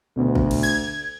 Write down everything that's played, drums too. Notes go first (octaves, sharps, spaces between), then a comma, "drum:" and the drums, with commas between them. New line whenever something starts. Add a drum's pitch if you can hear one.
D2 B2
drum: kick
drum: cymbal
G#6, drum: tambourine